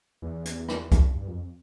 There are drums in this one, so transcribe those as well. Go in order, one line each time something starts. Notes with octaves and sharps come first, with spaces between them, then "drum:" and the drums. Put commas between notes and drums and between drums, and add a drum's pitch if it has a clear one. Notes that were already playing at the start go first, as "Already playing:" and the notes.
E2
drum: hi-hat
drum: rim click
drum: kick C2, hi-hat
G2
F2